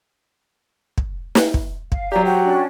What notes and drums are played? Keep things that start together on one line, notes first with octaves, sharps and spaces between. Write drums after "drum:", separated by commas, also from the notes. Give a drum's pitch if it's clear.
drum: kick
drum: snare
drum: kick
F5, drum: kick
F#3 G4 D5 F5 A#5
F#4 C5 G5
C#4 D4